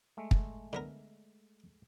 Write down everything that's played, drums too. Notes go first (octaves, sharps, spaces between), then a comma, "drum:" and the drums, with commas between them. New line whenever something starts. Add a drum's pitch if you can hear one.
G#3 A3
drum: kick
D3 B3 A#4